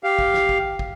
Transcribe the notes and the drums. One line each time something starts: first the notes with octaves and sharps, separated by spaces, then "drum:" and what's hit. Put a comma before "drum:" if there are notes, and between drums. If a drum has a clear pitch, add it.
G4 F5
drum: kick
drum: snare
drum: kick
drum: kick